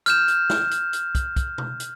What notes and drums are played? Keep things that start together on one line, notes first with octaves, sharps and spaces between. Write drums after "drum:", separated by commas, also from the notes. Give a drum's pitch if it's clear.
F6 G6 E7, drum: hi-hat
drum: hi-hat
drum: snare
drum: hi-hat
drum: hi-hat
drum: kick, hi-hat
drum: kick, hi-hat
drum: tom B2
drum: hi-hat